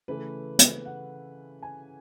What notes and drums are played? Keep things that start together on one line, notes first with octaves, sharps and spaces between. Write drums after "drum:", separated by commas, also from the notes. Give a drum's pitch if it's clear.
C#3 E3 A3 B4
drum: hi-hat
F#5
G#5